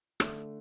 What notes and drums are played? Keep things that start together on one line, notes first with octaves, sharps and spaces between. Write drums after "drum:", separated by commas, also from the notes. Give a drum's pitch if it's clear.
D3 A3 D4, drum: rim click